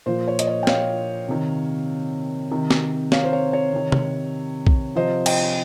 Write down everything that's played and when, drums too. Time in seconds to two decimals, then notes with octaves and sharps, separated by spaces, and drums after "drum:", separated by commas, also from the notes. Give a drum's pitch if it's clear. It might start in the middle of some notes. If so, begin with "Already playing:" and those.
0.06 A#2 F3 C5
0.28 C#5
0.39 D#5, drum: hi-hat
0.47 C#5
0.63 G5
0.67 C#5 F5, drum: snare
1.28 C3 D#3
2.51 C3 D#3
2.71 drum: snare
3.12 C#5 F5, drum: snare
3.24 C5
3.33 C#5
3.53 C#5
3.73 C3 D#3
3.92 drum: tom
4.67 drum: kick
4.95 C3 F3 C5 D#5
5.26 D#5 G5, drum: cymbal